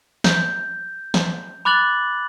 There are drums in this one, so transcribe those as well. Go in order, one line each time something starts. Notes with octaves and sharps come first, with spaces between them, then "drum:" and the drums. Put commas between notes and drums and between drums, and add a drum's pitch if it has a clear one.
G6, drum: snare
drum: snare
B5 D6 F#6 A6 F#7